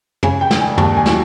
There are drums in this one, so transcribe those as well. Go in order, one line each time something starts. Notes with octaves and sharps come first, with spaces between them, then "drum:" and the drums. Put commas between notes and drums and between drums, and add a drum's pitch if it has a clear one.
C#3 G#5, drum: tom
G5
E1, drum: snare
G#5
D#2 A5, drum: tom
G#5
F#3, drum: snare